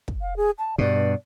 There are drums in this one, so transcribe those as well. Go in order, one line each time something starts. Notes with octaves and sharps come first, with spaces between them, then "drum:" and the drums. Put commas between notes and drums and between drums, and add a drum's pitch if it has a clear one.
drum: kick
F5
G#4
A5
G2 B2 D5